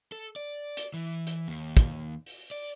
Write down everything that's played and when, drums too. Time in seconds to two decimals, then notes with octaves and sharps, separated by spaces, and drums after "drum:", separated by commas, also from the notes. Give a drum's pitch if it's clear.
0.12 A4
0.36 D5
0.77 drum: hi-hat
0.94 E3
1.27 drum: hi-hat
1.48 D#2
1.77 drum: kick, hi-hat
2.26 drum: open hi-hat
2.51 D5